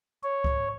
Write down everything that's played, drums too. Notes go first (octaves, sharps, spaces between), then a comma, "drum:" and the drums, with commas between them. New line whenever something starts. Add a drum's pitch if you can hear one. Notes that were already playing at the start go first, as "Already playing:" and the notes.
C#5
drum: kick C#2